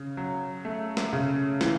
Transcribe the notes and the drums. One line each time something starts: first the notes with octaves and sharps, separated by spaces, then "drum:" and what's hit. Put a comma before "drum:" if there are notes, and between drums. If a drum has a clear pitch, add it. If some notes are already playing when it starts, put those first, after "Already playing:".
Already playing: C#3
F#3
A3
drum: snare
C#3
E3, drum: snare